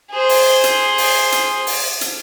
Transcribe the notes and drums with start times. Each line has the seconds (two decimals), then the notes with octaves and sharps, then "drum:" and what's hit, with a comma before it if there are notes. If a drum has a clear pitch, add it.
0.12 G#4 C5
0.29 drum: open hi-hat
0.64 drum: hi-hat
0.98 drum: open hi-hat
1.32 drum: hi-hat
1.67 drum: open hi-hat
2.01 drum: hi-hat